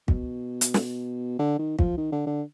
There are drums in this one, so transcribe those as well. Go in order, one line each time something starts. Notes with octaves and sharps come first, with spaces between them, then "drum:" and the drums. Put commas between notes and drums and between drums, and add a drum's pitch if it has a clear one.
B2, drum: kick
drum: hi-hat
drum: snare
D3
D#3
F3, drum: kick
D#3
D3
D3